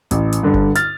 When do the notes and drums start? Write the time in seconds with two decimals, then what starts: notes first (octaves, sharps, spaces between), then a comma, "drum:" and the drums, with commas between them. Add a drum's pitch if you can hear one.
0.11 A1, drum: hi-hat
0.33 drum: hi-hat
0.43 G2 D3
0.54 drum: kick F#1
0.75 F6 A6, drum: hi-hat